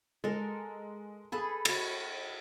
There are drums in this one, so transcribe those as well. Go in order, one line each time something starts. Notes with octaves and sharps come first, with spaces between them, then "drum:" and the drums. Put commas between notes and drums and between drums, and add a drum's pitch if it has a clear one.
G#3 A4 A#4
G#4 A4 B4 B5
F#4 A4, drum: cymbal